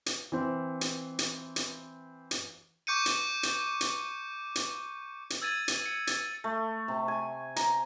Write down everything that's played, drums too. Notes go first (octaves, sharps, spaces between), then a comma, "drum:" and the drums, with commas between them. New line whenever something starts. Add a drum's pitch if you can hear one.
drum: hi-hat
E3 C4
drum: hi-hat
drum: hi-hat
drum: hi-hat
drum: hi-hat
C#6 D6 G6 C#7 D#7
drum: hi-hat
drum: hi-hat
drum: hi-hat
drum: hi-hat
drum: hi-hat
E6 G#6 A6 D#7
drum: hi-hat
C#7
A6, drum: hi-hat
A3
C3
G#5
A#5, drum: hi-hat